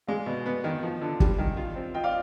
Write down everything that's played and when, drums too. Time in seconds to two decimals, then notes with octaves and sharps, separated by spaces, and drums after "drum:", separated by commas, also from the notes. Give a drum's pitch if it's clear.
0.07 G#3 D5 F5
0.26 B2
0.46 B3
0.64 D#3
0.83 F3
1.01 D3
1.20 G3, drum: kick
1.38 D#3
1.57 F4
1.76 C4
1.94 F4 D#5 G5
2.04 D5 F5